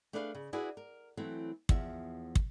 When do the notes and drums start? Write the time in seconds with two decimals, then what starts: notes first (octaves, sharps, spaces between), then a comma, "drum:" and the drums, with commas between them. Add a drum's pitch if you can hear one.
0.13 A3 D4 G#4 B4 C#5 F5
0.35 C#3
0.53 D4 E4 F#4 G#4 B4 D5
0.77 A#4
1.17 E3 F#3 A3 C4
1.69 E2 F3 E5, drum: kick
2.35 drum: kick